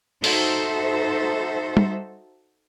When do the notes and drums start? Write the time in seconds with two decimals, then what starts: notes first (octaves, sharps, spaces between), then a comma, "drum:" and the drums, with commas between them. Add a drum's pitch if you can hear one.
0.24 D#4 F#4 A4 C5 E5, drum: open hi-hat
1.77 drum: tom G3